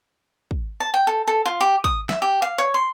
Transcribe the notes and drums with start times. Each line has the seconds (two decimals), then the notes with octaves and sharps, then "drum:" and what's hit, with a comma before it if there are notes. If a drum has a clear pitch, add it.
0.51 drum: kick
0.80 A5
0.94 G5
1.07 A4
1.28 A4
1.46 F4
1.61 G4
1.84 D#6, drum: kick
2.09 E5, drum: snare
2.22 G4
2.42 F5
2.58 C#5
2.74 C6